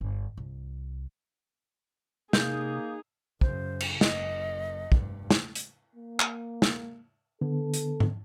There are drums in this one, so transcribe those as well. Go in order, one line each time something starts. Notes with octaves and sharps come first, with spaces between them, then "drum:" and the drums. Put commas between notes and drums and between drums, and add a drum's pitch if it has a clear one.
G1
C2
C3 A#3 D#4 G#4 G6, drum: snare
F#2 C#3 C5, drum: kick
drum: cymbal
F#1 D#5, drum: snare
F1 G2, drum: kick
drum: snare
drum: hi-hat
A#3
drum: clap
drum: snare
D3 B3 A4
drum: hi-hat
drum: tom